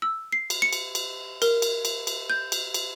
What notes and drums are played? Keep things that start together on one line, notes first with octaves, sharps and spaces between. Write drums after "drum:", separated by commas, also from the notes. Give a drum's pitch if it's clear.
E6
C7
drum: cymbal
C#7
drum: cymbal
drum: cymbal
A#4, drum: cymbal
drum: cymbal
drum: cymbal
drum: cymbal
G6
drum: cymbal
drum: cymbal